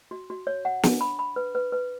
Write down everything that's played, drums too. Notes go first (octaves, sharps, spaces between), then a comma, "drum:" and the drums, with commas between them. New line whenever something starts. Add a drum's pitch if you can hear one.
F#4
F#4
C#5
F#5
D4, drum: snare
B5
B5
B4
B4
B4